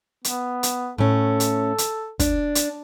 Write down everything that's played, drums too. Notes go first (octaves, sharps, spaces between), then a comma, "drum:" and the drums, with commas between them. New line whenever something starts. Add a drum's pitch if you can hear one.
B3, drum: hi-hat
drum: hi-hat
A2 C#4 A4
drum: hi-hat
drum: hi-hat
D4, drum: kick, hi-hat
drum: hi-hat